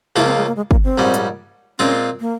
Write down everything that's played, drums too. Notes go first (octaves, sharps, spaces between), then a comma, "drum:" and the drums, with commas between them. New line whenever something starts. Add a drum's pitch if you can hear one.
C#2 C#3 F3 A#3 E4 F4
C4
G#3
A#3
G#3
A#3, drum: kick
C4
A#1 G#2 G3 C#4
drum: hi-hat
A#2 G#3 C4 C#4 F4
A#3